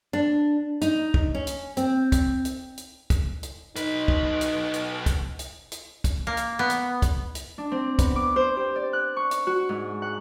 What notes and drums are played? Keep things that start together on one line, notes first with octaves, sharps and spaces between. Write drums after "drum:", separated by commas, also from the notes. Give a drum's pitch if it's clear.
D4
D#4, drum: hi-hat
drum: kick
C#4
drum: hi-hat
C4, drum: hi-hat
drum: kick, hi-hat
drum: hi-hat
drum: hi-hat
drum: kick, hi-hat
drum: hi-hat
B1 D#4 B4, drum: hi-hat
drum: kick
drum: hi-hat
drum: hi-hat
drum: kick, hi-hat
drum: hi-hat
drum: hi-hat
drum: kick, hi-hat
A#3
drum: hi-hat
B3
drum: hi-hat
drum: kick, hi-hat
drum: hi-hat
D4
C4
B3, drum: kick, hi-hat
D6
C5
G4
D5
F#6
C#6
drum: hi-hat
F#4
G#2
F#5